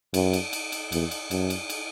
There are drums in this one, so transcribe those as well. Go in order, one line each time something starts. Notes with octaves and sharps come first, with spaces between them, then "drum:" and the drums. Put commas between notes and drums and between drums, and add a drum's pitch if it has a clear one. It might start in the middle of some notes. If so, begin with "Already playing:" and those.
F#2, drum: cymbal
drum: cymbal
drum: cymbal
drum: cymbal
E2, drum: cymbal
drum: cymbal
F#2, drum: cymbal
drum: cymbal
drum: cymbal